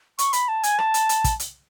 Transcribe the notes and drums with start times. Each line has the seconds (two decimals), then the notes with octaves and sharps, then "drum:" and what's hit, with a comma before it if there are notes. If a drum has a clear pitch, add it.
0.19 C#6, drum: hi-hat
0.33 B5, drum: hi-hat
0.48 A5
0.63 G#5, drum: hi-hat
0.78 A5, drum: rim click
0.94 drum: hi-hat
1.09 drum: hi-hat
1.24 drum: kick, hi-hat
1.40 drum: hi-hat